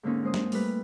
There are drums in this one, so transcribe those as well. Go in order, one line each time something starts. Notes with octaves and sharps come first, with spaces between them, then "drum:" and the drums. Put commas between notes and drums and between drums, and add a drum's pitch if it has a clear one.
G#2 D3 A#3 C4 C#4 D#4
G#3 C5 D#6
drum: snare
G3 A3 B4, drum: open hi-hat